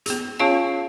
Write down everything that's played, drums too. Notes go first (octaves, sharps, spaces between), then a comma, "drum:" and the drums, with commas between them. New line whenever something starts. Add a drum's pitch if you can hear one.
B3 G#4, drum: hi-hat
C#4 F4 G#4 C#5 F5 A5